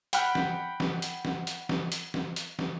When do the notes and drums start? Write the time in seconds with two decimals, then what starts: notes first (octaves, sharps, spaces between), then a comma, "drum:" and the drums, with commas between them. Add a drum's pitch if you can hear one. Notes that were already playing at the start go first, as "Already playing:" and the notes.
0.13 F#5 G5 B5 F6 F#6, drum: hi-hat
0.35 drum: snare
0.80 drum: snare
1.02 drum: hi-hat
1.25 drum: snare
1.47 drum: hi-hat
1.69 drum: snare
1.92 drum: hi-hat
2.14 drum: snare
2.36 drum: hi-hat
2.59 drum: snare